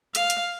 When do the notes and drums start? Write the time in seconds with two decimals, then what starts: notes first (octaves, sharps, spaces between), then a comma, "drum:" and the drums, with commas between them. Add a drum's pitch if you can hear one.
0.15 F5, drum: hi-hat
0.30 drum: hi-hat